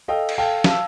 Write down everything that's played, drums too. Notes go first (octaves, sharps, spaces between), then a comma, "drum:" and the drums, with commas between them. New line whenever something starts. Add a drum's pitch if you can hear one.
A4 D#5 F5 G5
drum: cymbal
A4 F5 G5 A5
F5 A5 E6, drum: snare